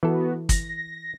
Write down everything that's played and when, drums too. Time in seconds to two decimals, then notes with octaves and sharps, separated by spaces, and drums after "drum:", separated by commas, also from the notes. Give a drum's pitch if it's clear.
0.03 E3 B3 F#4 A4
0.49 A#6, drum: kick, hi-hat